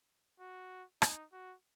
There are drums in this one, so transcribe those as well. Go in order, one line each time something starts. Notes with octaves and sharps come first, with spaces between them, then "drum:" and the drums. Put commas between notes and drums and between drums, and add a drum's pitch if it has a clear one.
F#4
D#4, drum: rim click
F#4